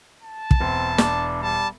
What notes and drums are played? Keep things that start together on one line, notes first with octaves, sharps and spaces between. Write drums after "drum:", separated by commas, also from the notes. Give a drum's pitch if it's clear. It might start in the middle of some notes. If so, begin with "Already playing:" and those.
A5
drum: kick
E1 C4
D4, drum: snare
G3 A5